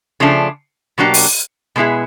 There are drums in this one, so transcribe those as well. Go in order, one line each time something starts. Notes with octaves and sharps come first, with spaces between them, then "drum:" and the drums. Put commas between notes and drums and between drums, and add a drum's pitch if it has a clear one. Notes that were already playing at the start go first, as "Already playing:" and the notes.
C#3 F3 A3 D4
B2 F#3 A#3 D4 G4
drum: open hi-hat
B2 G#3 B3 E4 G#4